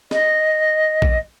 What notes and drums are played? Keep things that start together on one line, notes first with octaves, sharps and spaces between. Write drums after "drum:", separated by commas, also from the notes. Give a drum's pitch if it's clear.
D#5, drum: snare
drum: kick A#1